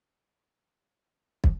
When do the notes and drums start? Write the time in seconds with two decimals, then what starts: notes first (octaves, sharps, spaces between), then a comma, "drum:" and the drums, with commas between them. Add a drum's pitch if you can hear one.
0.04 E5 F#6 G#6 A#6 C#7
0.34 B4 B5
0.65 F#2 A2 E3
0.93 C#4 C#6 F6
1.44 drum: kick